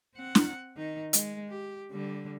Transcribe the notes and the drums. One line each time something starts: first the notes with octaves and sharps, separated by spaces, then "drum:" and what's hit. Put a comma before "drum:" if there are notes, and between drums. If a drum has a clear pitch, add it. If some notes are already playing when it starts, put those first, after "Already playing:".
C4 F#5
drum: snare
D#3 D#4
G#3, drum: hi-hat
G4
D3 G3